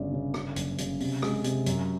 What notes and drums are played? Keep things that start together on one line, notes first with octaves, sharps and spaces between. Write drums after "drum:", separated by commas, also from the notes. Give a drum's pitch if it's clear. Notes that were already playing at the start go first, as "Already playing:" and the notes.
Already playing: G1 C#3 D5
C#3
C#3, drum: rim click
F#1, drum: hi-hat
C#3, drum: hi-hat
C3, drum: open hi-hat
G#3, drum: rim click
C3, drum: hi-hat
F#2, drum: hi-hat